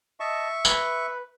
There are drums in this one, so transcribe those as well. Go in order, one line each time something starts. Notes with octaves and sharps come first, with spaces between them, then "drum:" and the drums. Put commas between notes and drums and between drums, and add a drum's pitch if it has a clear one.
D#5 E5 A5 C#6
B4, drum: tambourine